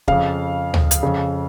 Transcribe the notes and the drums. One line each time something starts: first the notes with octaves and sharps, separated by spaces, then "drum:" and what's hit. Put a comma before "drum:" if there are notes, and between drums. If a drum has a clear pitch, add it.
F2 C#3 F5, drum: kick
drum: tom
drum: hi-hat
F2 C#3